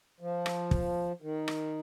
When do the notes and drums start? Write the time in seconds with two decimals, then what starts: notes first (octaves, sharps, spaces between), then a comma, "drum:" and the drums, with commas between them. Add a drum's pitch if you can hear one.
0.21 F3
0.46 drum: rim click
0.71 drum: kick
1.22 D#3
1.48 drum: rim click